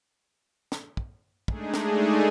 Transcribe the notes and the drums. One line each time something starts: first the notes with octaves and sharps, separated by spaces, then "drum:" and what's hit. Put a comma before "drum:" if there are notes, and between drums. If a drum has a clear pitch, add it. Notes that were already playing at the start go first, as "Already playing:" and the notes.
drum: snare
drum: kick
G#3 A3 D4 D#4 G#4, drum: kick
drum: snare